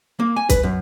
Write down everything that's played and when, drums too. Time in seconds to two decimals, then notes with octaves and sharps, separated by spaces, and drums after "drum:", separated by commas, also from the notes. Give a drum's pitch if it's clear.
0.20 A#3
0.36 G#5
0.49 B4, drum: kick, hi-hat
0.63 F#2